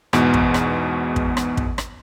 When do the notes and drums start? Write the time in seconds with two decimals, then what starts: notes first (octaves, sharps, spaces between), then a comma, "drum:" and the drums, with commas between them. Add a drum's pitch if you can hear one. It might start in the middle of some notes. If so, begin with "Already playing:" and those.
0.13 E2 G#2 B2, drum: rim click
0.34 drum: kick
0.54 drum: rim click
1.16 drum: kick
1.37 drum: rim click
1.57 drum: kick
1.78 drum: rim click